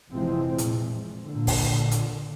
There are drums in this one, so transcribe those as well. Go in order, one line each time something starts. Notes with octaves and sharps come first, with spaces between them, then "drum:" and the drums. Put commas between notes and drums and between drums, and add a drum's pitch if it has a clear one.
F1 C3 E3 F3 G#3 C4
A#2, drum: hi-hat
A#2 D3
drum: kick, open hi-hat
drum: hi-hat